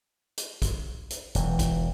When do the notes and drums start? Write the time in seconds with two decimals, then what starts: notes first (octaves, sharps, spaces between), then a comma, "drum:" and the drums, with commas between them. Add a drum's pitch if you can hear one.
0.37 drum: hi-hat
0.62 drum: kick, hi-hat
1.10 drum: hi-hat
1.35 E1 E3, drum: hi-hat
1.59 drum: kick, hi-hat